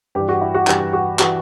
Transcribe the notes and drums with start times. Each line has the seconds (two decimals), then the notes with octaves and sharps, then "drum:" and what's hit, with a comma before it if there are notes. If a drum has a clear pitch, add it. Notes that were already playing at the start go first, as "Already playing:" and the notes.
0.15 G2 E3 G4
0.29 F#4
0.41 E4
0.54 F#4
0.67 G2 E3 G4, drum: clap
0.93 F#4
1.19 E3 F#4, drum: clap